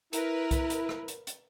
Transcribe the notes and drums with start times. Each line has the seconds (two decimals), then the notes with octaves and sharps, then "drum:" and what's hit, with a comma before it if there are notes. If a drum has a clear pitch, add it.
0.13 E4 A#4 B4, drum: hi-hat
0.51 drum: kick C2, hi-hat
0.70 drum: hi-hat
0.89 drum: rim click
1.08 drum: hi-hat
1.27 drum: hi-hat